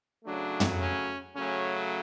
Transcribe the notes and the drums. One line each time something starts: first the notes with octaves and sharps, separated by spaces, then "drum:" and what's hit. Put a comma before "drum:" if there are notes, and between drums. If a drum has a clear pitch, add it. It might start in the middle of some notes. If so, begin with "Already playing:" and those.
C#3 F#3 A3 D4
drum: tom
C#4
C#3 F#3 A3 C#4